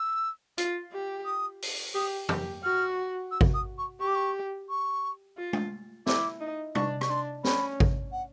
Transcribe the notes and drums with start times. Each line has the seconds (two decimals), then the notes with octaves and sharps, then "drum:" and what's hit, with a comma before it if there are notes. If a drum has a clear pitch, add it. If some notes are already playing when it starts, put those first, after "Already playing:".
Already playing: E6
0.58 F4, drum: hi-hat
0.92 G4
1.25 D#6
1.62 drum: open hi-hat
1.94 G4 D#6
2.29 G4, drum: tom
2.63 F#4 F6
3.31 E6
3.41 drum: kick G#1
3.54 D#6
3.78 C#6
4.00 G4 C#6
4.08 D6
4.15 C#6
4.70 C#6
5.38 F4
5.53 drum: tom G#3
6.07 E4 D6, drum: snare
6.40 D#4
6.75 D4 C#6, drum: tom
7.01 C#6, drum: rim click
7.09 D4 C6
7.44 C#4 B5, drum: snare
7.80 drum: kick G#1
8.12 F#5